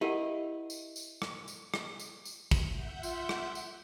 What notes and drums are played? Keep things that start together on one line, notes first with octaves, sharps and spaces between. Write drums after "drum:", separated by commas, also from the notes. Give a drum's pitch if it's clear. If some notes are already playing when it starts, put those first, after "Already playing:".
E4 G4 A#4 D#5 F#5
drum: tambourine
drum: tambourine
drum: rim click
drum: tambourine
drum: rim click
drum: tambourine
drum: tambourine
drum: kick, tambourine
E5 F#5 G6
F4, drum: tambourine
drum: rim click
drum: tambourine